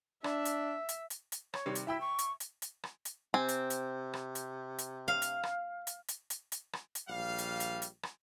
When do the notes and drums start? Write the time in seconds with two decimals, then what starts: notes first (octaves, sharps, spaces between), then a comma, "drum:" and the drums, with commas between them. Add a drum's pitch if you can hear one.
0.24 D4 E5, drum: rim click
0.45 drum: hi-hat
0.89 drum: hi-hat
1.10 drum: hi-hat
1.32 drum: hi-hat
1.54 C#5, drum: rim click
1.66 C3 D#3 G3
1.75 drum: hi-hat
1.87 E4 E5 G5 E6
2.01 C#6
2.19 drum: hi-hat
2.40 drum: hi-hat
2.62 drum: hi-hat
2.84 drum: rim click
3.05 drum: hi-hat
3.34 C3 C4 G#5
3.49 drum: hi-hat
3.70 drum: hi-hat
4.13 drum: rim click
4.35 drum: hi-hat
4.78 drum: hi-hat
5.08 F5
5.22 drum: hi-hat
5.43 drum: rim click
5.87 drum: hi-hat
6.08 drum: hi-hat
6.30 drum: hi-hat
6.52 drum: hi-hat
6.73 drum: rim click
6.95 drum: hi-hat
7.09 A#1 G3 F5
7.38 drum: hi-hat
7.60 drum: hi-hat
7.82 drum: hi-hat
8.03 drum: rim click